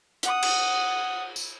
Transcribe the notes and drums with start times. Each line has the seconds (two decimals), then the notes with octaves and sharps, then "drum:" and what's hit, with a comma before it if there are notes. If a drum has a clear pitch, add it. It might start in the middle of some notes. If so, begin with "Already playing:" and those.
0.23 F#5 D#6, drum: hi-hat
0.43 drum: cymbal
1.36 drum: tambourine